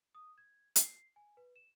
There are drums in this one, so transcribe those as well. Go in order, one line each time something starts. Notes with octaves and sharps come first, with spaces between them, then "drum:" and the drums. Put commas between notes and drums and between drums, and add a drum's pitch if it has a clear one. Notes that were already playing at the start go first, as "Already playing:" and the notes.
D#6
G#6
C7, drum: hi-hat
G#5
B4
E7